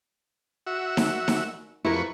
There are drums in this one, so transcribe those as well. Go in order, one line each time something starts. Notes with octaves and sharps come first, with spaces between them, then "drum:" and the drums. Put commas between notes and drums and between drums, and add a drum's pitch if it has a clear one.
F#4 E5
drum: snare D#4
drum: snare D#4
F2 E4 A#4 B4 C#6